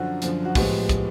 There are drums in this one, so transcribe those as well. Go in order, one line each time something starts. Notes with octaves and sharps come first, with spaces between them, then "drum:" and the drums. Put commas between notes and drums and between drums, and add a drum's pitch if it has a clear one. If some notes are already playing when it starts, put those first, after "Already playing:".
Already playing: F#2 D3 F3 F#4
F#2 D3 F3, drum: hi-hat
F#4
A2 F3 G#3 B3 G4, drum: kick, open hi-hat
drum: kick, hi-hat